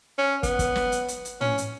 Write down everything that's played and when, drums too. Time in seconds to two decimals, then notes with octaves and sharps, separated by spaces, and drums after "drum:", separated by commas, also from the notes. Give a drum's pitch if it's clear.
0.18 C#4
0.43 B3, drum: kick, hi-hat
0.59 drum: kick, hi-hat
0.75 drum: snare
0.92 drum: hi-hat
1.08 drum: hi-hat
1.25 drum: hi-hat
1.41 C#4, drum: tom
1.58 drum: hi-hat